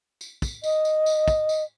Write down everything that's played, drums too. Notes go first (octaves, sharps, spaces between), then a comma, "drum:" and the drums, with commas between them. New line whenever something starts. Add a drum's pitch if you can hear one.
drum: tambourine
drum: kick, tambourine
D#5, drum: tambourine
drum: tambourine
drum: tambourine
drum: kick, tambourine
drum: tambourine